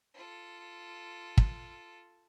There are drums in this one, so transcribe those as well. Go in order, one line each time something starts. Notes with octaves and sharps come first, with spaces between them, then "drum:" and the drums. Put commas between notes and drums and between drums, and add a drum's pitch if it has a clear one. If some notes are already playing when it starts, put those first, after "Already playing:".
F4 A4
drum: kick